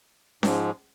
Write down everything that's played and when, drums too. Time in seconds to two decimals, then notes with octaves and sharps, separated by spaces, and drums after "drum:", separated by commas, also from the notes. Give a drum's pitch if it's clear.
0.43 G#2 F3 G#3, drum: snare C#4